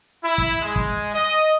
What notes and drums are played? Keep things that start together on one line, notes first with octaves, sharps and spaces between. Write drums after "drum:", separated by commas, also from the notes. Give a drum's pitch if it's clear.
E4
drum: kick, hi-hat
G#3
drum: kick
D#5, drum: hi-hat